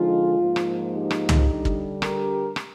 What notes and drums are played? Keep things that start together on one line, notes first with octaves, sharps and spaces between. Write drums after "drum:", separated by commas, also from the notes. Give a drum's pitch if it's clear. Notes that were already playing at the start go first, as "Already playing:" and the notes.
Already playing: D3 F3 G#3 D#4 F4
G#2 F3 A#3
drum: rim click
D#4 G4
drum: rim click
drum: tom
D3 G3 D4
drum: kick
G4 A#4, drum: rim click
drum: rim click